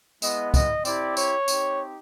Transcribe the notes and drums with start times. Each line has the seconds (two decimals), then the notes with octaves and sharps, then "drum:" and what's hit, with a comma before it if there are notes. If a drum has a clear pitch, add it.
0.22 G#3 B3 E4 D#5, drum: tambourine
0.54 D#5, drum: kick, tambourine
0.85 C4 E4 G4 D5, drum: tambourine
1.17 C#5, drum: tambourine
1.48 C4 D#4 G4, drum: tambourine